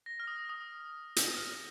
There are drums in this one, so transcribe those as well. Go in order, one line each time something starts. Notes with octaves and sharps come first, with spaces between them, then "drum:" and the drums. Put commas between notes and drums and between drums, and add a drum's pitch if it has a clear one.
A#6
F6
D#6
D#6
drum: hi-hat
F6